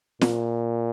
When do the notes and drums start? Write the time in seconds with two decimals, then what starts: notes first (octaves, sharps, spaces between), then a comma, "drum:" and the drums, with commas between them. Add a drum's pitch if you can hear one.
0.21 A#2, drum: snare